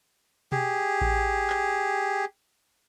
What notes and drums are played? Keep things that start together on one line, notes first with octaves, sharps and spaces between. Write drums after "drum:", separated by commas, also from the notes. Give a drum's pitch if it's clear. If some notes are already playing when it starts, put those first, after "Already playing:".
G4 G#4, drum: tom B2
drum: kick A1
drum: clap